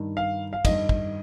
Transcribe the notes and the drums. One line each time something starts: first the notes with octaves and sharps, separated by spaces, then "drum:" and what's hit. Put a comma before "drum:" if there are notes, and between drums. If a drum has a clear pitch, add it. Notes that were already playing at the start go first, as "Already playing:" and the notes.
Already playing: G2 D#3
F5
F5
G2 D#3 D#5, drum: kick, cymbal
drum: kick